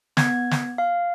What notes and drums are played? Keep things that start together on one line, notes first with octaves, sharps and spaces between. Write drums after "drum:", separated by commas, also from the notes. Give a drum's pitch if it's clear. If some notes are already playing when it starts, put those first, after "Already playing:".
B3 G#6, drum: snare
drum: snare
F5